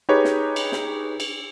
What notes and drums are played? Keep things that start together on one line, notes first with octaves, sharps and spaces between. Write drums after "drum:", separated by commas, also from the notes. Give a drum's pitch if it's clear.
D#4 G4 G#4 B4 C#5
drum: snare
drum: cymbal
drum: snare
drum: cymbal